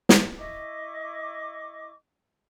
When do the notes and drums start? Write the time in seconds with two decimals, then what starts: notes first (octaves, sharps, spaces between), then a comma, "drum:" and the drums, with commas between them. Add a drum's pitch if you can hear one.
0.09 drum: snare
0.38 E4 D#5 C#6 D6